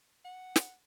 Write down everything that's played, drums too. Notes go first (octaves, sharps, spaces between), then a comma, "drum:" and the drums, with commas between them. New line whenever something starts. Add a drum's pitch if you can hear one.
F#5
drum: snare